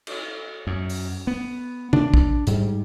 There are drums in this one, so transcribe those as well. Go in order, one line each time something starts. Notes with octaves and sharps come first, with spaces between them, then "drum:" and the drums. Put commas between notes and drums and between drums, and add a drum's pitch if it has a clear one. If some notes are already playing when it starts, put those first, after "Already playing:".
drum: cymbal
F#2
drum: open hi-hat
B3
D4, drum: tom C#3
drum: kick
G#2 G3, drum: hi-hat